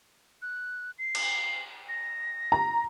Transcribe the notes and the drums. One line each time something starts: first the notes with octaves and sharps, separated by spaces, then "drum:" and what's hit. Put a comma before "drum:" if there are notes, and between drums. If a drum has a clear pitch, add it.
F#6
C7
drum: cymbal
A#6
A#5